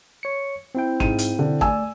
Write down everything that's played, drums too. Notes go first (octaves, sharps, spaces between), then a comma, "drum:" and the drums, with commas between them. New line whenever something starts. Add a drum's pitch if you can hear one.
C#5 C#7
C4 E4 G5
G#2 D#7, drum: kick
drum: hi-hat
D3
A3 D5 G#5 E6, drum: kick